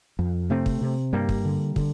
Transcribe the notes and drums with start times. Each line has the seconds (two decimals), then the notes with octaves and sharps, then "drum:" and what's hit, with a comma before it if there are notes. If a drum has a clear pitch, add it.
0.19 F2
0.50 C3 A3 C4
0.66 drum: kick
0.81 C3
1.13 G2 G3 A#3
1.29 drum: kick
1.45 D3
1.76 D3, drum: kick